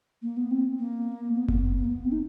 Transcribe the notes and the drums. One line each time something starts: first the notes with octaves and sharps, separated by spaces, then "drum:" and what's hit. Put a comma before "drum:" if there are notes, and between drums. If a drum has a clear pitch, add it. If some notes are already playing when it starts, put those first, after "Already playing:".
A#3
B3
C4
A#3
B3
B3, drum: kick F#1
B3
B3
A#3
B3
C4
D#4